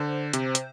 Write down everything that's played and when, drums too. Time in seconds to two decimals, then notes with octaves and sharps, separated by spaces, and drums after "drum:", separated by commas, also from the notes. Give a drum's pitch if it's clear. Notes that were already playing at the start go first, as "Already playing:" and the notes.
Already playing: D3 C5
0.33 C3, drum: hi-hat
0.55 drum: hi-hat